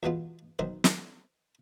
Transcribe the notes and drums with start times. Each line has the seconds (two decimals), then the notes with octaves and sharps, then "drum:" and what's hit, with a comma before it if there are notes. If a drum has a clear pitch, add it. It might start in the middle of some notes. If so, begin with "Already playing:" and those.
0.03 E2 B2 G#3 B3 F4
0.59 B1 D#3 C5
0.84 drum: snare